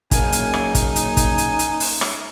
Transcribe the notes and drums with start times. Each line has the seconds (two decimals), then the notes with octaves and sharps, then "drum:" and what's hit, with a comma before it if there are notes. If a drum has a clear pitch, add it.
0.11 F#1 C#3 A#3 D#4 G#5, drum: kick, hi-hat
0.32 drum: hi-hat
0.54 drum: rim click
0.75 drum: kick, hi-hat
0.96 drum: hi-hat
1.17 drum: kick, hi-hat
1.38 drum: hi-hat
1.59 drum: hi-hat
1.80 drum: open hi-hat
2.01 drum: rim click